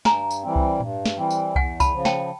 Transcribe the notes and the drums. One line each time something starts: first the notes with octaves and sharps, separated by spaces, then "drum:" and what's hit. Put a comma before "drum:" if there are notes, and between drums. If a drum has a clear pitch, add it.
G2 G#5 A#5, drum: snare
drum: tambourine
E3 G3 C4
drum: kick C2
G2, drum: tom A2
drum: snare
E3 G3 C4
drum: tambourine
E2 F#5 G#5, drum: kick C2
A5 B5, drum: kick C2, tambourine
C#3 F3
G5 A5, drum: snare